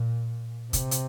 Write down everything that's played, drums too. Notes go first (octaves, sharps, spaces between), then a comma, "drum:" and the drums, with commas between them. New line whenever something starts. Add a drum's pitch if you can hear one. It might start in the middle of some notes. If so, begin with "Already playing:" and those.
Already playing: A#2
C3, drum: kick, hi-hat
drum: hi-hat